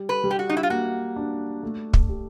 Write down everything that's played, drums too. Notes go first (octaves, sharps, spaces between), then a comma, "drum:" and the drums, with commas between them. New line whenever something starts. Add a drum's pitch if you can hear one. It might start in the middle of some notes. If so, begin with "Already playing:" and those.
Already playing: G3
B4
G3
G4
F#4
D#4
E4
F4
A#3 F#4
D4
A3
drum: kick
G4